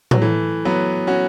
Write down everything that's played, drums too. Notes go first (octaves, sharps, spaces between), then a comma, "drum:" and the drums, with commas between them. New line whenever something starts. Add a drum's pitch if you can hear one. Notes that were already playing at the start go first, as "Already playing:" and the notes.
F#3, drum: tom A2
E3 A3
F#3 B3
C#4 F#4